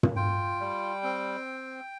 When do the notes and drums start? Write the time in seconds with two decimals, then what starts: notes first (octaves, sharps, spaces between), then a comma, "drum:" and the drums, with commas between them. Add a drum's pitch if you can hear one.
0.03 drum: tom
0.16 F4 G5
0.60 G3
1.04 C4